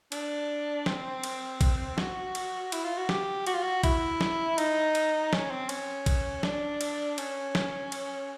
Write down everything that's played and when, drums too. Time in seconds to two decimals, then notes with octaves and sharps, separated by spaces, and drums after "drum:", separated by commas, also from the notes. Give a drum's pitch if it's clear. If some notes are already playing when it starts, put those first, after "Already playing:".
0.12 D4, drum: cymbal
0.86 C4, drum: snare
1.23 drum: cymbal
1.61 drum: kick B1, cymbal
1.98 F#4, drum: snare
2.35 drum: cymbal
2.72 E4, drum: cymbal
2.84 F4
2.97 F#4
3.09 G4, drum: snare
3.46 F#4, drum: cymbal
3.54 F4
3.62 F#4
3.83 E4, drum: kick B1, cymbal
4.21 drum: snare
4.58 D#4, drum: cymbal
4.95 drum: cymbal
5.33 C#4, drum: snare
5.51 C4
5.69 C#4, drum: cymbal
6.06 drum: kick B1, cymbal
6.43 D4, drum: snare
6.81 drum: cymbal
7.18 C#4, drum: cymbal
7.55 drum: snare
7.92 drum: cymbal